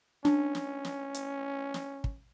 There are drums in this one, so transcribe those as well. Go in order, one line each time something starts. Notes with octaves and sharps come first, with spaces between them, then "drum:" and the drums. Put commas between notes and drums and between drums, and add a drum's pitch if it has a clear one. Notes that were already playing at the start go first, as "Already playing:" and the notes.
C#4 D4, drum: snare
drum: snare
drum: snare
drum: hi-hat
drum: snare
drum: kick